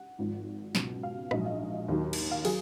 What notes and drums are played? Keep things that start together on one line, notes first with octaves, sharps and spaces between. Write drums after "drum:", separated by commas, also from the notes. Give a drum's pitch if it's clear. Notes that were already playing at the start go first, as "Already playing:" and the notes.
Already playing: F#5
G#1 G#2 F3
C#2 B2 F#3, drum: snare
F5
A#1 G#2 F#3 D#5, drum: rim click
F5
D#2 D#3 F#3
drum: cymbal
F5
F#3 G#4, drum: cymbal